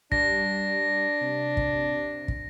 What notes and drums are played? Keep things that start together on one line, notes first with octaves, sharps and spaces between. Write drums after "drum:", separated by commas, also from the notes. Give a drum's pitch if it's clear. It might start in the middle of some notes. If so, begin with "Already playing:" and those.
G3 D4 A#6, drum: kick
C3
drum: kick
drum: kick